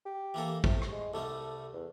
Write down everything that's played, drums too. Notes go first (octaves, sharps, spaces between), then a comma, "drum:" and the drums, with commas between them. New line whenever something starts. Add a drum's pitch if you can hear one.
G4
E3 A#3 A4
A2 C3, drum: kick
drum: rim click
G#3
C2 G3 A3 A4
E2